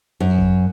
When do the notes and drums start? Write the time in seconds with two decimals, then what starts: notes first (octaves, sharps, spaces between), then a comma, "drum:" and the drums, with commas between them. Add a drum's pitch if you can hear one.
0.20 F#2
0.38 drum: kick G1